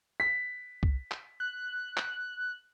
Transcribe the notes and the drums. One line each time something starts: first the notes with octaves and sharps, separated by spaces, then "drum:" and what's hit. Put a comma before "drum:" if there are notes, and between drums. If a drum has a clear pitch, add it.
B6
drum: kick C2
drum: clap
F#6
drum: clap